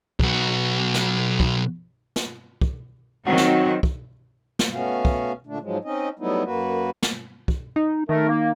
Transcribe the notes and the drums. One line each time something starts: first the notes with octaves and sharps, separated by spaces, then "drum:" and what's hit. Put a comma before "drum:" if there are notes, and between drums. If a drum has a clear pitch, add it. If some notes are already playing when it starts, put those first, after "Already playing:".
B1 F#4, drum: kick
drum: snare
drum: kick
drum: snare
drum: kick
D#3 F#3 C4 F#4
drum: snare
drum: kick
drum: snare
A3 B3 C#4 F#4 F5
drum: kick
A#2 D3 A3 D4
G#2 F3 F#3 G#3
C4 C#4 D#4 D#5
F#3 G3 A3 B3 D#4 E4
F#2 A#3 F#4 B4
drum: snare
drum: kick
D#4
D#3 A3 A#4
A#3